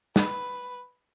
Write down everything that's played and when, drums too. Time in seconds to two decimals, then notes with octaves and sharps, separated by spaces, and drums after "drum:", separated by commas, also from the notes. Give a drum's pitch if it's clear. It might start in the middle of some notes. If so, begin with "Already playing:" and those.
0.16 B4, drum: snare